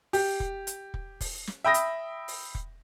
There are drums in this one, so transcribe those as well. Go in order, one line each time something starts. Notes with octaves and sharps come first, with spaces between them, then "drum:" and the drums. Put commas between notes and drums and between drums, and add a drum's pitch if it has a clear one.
G4, drum: open hi-hat
drum: kick
drum: hi-hat
drum: kick
drum: kick, open hi-hat
drum: snare
E5 G5 B5 D#6 A#6
drum: hi-hat
drum: open hi-hat
drum: kick